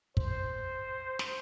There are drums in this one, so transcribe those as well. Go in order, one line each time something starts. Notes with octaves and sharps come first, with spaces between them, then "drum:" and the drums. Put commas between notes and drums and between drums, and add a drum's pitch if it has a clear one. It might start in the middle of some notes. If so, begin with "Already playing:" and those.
C5, drum: kick
drum: snare